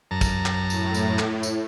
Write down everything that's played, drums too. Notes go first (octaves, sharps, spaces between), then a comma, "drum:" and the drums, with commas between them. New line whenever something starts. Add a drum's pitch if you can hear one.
F#2 A5 A#5
drum: kick, tambourine
drum: clap
A2, drum: tambourine
drum: tambourine
drum: clap
drum: tambourine